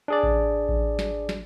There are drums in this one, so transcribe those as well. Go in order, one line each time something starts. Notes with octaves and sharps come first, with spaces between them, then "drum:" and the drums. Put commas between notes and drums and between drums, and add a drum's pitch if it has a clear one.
D4 G#4 D5
drum: kick A1
drum: kick A1
drum: snare
drum: snare